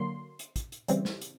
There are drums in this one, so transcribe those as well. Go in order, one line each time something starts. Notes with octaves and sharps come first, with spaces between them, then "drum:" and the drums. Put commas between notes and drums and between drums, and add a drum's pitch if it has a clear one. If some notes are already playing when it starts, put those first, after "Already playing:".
Already playing: D3 F#3 A#3 C6
drum: hi-hat
drum: kick, hi-hat
drum: hi-hat
C#3 E3 G3 C4, drum: hi-hat
drum: snare
drum: hi-hat